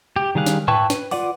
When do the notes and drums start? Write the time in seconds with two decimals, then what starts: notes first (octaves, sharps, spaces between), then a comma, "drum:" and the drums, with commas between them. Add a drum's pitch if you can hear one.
0.16 G4
0.35 D#3 G3 G#4 F5 F#6
0.46 drum: snare
0.68 E4 B4 G5 A5 C#6, drum: tom G#2
0.90 B4, drum: snare
1.11 F4 B4 D5 F#5 D6, drum: open hi-hat